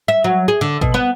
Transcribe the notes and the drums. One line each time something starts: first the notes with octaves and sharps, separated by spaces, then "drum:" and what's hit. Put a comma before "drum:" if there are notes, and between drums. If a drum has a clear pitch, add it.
E5
F#3
G#4
D3
B2, drum: kick
B3